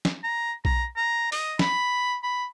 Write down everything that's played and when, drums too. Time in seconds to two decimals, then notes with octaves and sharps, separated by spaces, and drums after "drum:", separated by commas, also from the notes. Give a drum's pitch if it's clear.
0.05 drum: snare
0.24 A#5
0.65 A#5, drum: kick B1
0.96 A#5
1.32 D#5, drum: open hi-hat
1.59 B5, drum: snare
2.23 B5